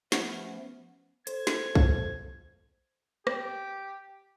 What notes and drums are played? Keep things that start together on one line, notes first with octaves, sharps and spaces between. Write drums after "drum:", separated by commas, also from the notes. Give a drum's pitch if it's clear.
F3 A3 B3 C#4 F#5, drum: snare
A4 C5 G#6, drum: hi-hat
drum: snare
drum: kick
G4, drum: rim click